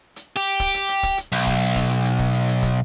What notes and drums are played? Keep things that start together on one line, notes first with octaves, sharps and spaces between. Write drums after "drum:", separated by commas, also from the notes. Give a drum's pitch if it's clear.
drum: hi-hat
G4
drum: kick, hi-hat
drum: hi-hat
drum: hi-hat
drum: kick, hi-hat
drum: hi-hat
B1, drum: hi-hat
drum: kick, hi-hat
drum: hi-hat
drum: kick, hi-hat
drum: hi-hat
drum: hi-hat
drum: kick
drum: hi-hat
drum: hi-hat
drum: kick, hi-hat